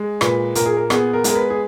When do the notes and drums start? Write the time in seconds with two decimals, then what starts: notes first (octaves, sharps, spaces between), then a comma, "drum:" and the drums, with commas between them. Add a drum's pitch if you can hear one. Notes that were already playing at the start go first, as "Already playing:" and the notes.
Already playing: G#3
0.21 A#2 B4, drum: rim click
0.55 A#2 A#4, drum: hi-hat
0.66 G#4
0.77 A#4
0.90 B3 G#4, drum: rim click
1.13 A#4
1.24 G#3 A#4, drum: hi-hat
1.35 B4
1.50 G#4